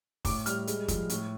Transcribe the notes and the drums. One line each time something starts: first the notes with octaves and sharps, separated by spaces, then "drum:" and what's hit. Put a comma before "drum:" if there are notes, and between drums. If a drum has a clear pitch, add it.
A2 D6, drum: kick, open hi-hat
G3 F6, drum: hi-hat
G#3, drum: hi-hat
F3, drum: kick, hi-hat
A2, drum: hi-hat